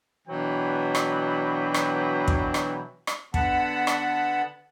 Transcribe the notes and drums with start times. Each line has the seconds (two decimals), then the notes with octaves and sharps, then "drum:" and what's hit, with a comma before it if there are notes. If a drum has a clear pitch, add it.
0.28 B2 E3 F#3 D4 B4 G5
0.95 drum: rim click
1.74 drum: rim click
2.28 drum: kick
2.54 drum: rim click
3.07 drum: rim click
3.34 D3 B3 F#5 A5 B5, drum: kick
3.87 drum: rim click